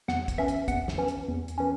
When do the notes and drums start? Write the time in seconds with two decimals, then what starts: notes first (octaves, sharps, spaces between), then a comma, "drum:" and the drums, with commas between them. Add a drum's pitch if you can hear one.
0.08 E2 F#5, drum: snare
0.28 drum: kick, hi-hat
0.38 E3 C#4 E5
0.48 drum: hi-hat
0.68 E2 F#5, drum: kick, hi-hat
0.88 drum: snare
0.98 E3 C#4
1.08 drum: hi-hat
1.28 E2
1.48 drum: hi-hat
1.58 E3 C#4